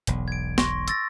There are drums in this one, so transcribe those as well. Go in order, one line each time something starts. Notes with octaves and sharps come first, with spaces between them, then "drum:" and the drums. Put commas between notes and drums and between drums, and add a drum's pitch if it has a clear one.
E1 B1, drum: hi-hat
G#6 D7
C6 C#6 A#6, drum: snare
E6 A6 A#6, drum: hi-hat